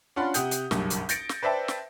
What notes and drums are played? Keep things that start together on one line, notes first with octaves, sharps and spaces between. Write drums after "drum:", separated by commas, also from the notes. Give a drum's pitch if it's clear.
C#4 D4 F4 F#5 B5 C6
C3 G4 F#5 D#6 G6, drum: hi-hat
drum: hi-hat
F#1 B1 G2, drum: snare
drum: hi-hat
G6 A6 A#6 C#7 D7, drum: hi-hat
drum: snare
B4 C5 D5 E5 G5 A5
drum: snare